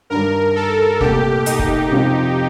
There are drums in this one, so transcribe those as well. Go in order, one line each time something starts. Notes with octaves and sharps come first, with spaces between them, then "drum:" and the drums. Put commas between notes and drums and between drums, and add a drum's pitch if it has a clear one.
G2 D#3 G3 A#4
A4
C2 A#2 A3 G4, drum: kick F1
D#4, drum: hi-hat
drum: kick F1
F1 F2 C3 F3 C4